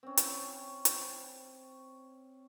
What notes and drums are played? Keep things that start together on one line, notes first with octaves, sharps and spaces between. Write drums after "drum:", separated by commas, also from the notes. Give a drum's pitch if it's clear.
C4 C#4
drum: hi-hat
drum: hi-hat